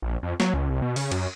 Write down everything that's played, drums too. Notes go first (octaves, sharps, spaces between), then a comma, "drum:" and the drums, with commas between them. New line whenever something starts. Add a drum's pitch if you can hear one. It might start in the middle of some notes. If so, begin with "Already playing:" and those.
A#1
F2
F#3, drum: snare
C#2
C2
B2
C#3, drum: open hi-hat
F#2, drum: cymbal